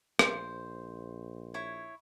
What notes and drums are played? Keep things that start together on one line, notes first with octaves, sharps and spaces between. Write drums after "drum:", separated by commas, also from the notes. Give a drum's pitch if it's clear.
A#1 C5, drum: rim click
E4 C#5